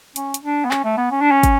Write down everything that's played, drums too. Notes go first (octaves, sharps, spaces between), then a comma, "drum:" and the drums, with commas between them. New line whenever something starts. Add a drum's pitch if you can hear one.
C#4, drum: hi-hat
drum: hi-hat
D4
B3
C#4, drum: clap
A3
B3
C#4
D4
C#4
drum: kick, hi-hat